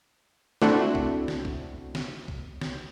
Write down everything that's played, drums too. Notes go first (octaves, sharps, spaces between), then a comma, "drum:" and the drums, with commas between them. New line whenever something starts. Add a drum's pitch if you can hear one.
A3 C4 D4 E4 F#4, drum: snare
drum: kick
drum: snare
drum: kick
drum: snare
drum: kick
drum: snare